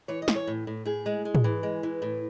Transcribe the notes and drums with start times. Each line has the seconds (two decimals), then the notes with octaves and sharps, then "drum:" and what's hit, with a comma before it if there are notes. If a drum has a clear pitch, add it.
0.08 E3 C#5
0.22 D#5
0.28 E3, drum: snare
0.36 C#5
0.47 A2
0.67 A2
0.85 A2 G#4
1.06 G#3
1.25 G#3
1.35 drum: tom
1.44 E3
1.63 G#3
1.83 E3
2.02 A2